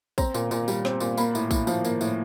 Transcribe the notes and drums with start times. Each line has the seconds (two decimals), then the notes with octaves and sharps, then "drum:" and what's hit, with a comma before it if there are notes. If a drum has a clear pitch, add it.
0.18 C4 A#5, drum: kick, tambourine
0.34 A#2, drum: tambourine
0.51 A#2, drum: tambourine
0.68 G3, drum: tambourine
0.85 C4, drum: snare
1.00 A#2, drum: tambourine
1.17 A#3 B5, drum: tambourine
1.35 A2, drum: tambourine
1.51 A2, drum: kick, tambourine
1.67 F3, drum: tambourine
1.84 A#3, drum: tambourine
2.01 A2, drum: tambourine